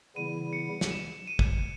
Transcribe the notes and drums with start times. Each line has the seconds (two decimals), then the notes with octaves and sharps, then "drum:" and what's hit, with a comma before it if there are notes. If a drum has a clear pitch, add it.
0.16 C#3 E3 G3 B3 E4 D#7
0.53 C#7
0.81 drum: snare
0.91 E7
1.27 D#7
1.39 drum: kick